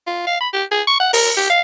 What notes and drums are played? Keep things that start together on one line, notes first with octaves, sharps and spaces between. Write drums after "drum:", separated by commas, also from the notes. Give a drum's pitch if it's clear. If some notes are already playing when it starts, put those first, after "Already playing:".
F4
F5
B5
G4
G#4
C#6
F#5
A#4, drum: open hi-hat
G4
F5